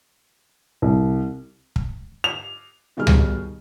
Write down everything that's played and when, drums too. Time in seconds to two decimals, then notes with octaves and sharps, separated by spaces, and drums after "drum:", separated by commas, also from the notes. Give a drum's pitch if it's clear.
0.82 C2
1.76 drum: kick
2.24 F7
2.97 B2 D#3 G3 G#4 F6
3.07 drum: tom C#2